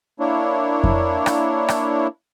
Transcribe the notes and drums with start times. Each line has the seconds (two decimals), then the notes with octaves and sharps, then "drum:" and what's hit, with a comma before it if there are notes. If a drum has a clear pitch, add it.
0.20 A#3 D4 E4 C#5
0.84 drum: kick F2
1.26 drum: rim click
1.68 drum: rim click